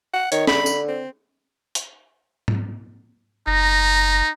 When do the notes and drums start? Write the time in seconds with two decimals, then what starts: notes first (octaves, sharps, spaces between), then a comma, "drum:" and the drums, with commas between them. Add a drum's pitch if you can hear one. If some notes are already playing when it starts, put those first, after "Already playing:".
0.14 F#5
0.32 D#3 C#5, drum: hi-hat
0.47 D3 B5, drum: snare
0.66 drum: tambourine
0.88 C4
1.75 drum: hi-hat
2.48 drum: tom G#2
3.47 F#1 D#4 A#5